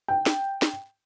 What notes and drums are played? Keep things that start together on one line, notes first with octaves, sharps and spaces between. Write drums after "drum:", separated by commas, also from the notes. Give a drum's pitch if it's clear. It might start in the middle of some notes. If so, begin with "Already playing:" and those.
G5
drum: snare
drum: snare